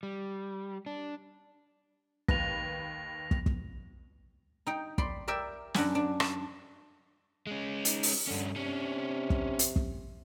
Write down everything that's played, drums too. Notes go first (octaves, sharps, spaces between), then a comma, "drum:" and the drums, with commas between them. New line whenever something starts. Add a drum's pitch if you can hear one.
G3
D4
D#2 B4 A#6 F7, drum: kick
drum: kick
drum: kick
D#4 G5
D5 B5 C6, drum: kick
A#4 D5 E5 G5
F#2 D4 F#5 G#5, drum: snare
D4
A5, drum: rim click
G#3 C#4
D#4, drum: hi-hat
drum: open hi-hat
G2 D3 C#4
C3 C#4 D4
drum: kick
drum: hi-hat
drum: kick